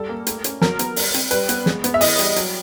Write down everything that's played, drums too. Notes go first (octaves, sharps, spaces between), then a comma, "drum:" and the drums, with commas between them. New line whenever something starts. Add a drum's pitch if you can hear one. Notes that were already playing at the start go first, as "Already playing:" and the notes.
Already playing: G3 A4
A#3
A3, drum: hi-hat
C#4, drum: hi-hat
F#3 A#4, drum: snare
B3, drum: hi-hat
G3, drum: open hi-hat
C4, drum: hi-hat
G3 B4, drum: hi-hat
B3, drum: hi-hat
G#3, drum: snare
B3, drum: hi-hat
E5
E3 D#5, drum: open hi-hat
G3, drum: hi-hat
F#3, drum: hi-hat